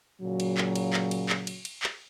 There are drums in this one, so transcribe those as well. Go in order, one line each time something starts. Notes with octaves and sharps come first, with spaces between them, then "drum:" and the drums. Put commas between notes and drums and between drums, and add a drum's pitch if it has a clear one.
A#2 C#3 F#3
drum: cymbal
drum: clap
drum: cymbal
drum: clap
drum: cymbal
drum: clap
drum: cymbal
drum: cymbal
drum: clap